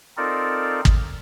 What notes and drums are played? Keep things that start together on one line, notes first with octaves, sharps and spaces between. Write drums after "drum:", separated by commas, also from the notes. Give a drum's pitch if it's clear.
C4 D#4 F4 A4 A#4 D5
drum: kick